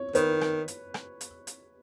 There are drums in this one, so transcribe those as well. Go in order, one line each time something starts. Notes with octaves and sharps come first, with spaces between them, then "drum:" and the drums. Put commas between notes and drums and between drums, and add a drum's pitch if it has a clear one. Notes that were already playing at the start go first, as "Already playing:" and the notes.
Already playing: C#5
D#3 B4, drum: hi-hat
drum: rim click
drum: hi-hat
drum: rim click
drum: hi-hat
drum: hi-hat